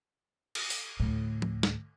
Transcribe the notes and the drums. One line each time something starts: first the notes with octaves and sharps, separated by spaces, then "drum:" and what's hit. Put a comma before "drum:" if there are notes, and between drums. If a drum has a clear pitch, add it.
drum: cymbal
drum: open hi-hat
D2 A2
drum: tom
drum: snare